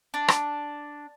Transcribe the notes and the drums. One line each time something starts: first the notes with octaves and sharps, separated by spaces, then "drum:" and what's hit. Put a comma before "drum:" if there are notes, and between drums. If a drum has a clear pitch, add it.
D4
drum: rim click